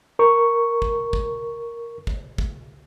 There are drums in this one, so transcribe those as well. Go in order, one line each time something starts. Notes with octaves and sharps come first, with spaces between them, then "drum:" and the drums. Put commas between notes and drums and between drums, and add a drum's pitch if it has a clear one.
A#4 C#6
drum: kick
drum: kick
drum: kick
drum: kick